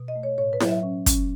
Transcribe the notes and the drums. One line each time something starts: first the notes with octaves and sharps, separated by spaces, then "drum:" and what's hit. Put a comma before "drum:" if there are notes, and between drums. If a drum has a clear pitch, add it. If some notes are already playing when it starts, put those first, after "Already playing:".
Already playing: B2
D#5
A3
C#5
A2 C#5
B4
F#3, drum: snare E4
E5
C#4
C#4, drum: kick, hi-hat